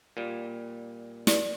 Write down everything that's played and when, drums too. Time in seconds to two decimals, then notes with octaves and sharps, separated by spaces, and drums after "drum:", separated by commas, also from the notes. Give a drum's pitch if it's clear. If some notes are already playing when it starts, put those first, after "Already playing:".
0.17 A#2 G3
1.27 D5, drum: snare